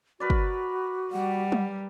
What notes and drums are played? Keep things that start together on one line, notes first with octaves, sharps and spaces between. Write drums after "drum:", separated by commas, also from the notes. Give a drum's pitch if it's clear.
F#4 A#4 B4 D5
drum: kick
G3 F#5
drum: tom